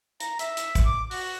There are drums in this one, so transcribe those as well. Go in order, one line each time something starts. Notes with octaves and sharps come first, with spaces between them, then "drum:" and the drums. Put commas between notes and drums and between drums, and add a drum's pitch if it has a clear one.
A#5, drum: hi-hat
E5, drum: hi-hat
drum: hi-hat
drum: kick, hi-hat
D6
F#4, drum: open hi-hat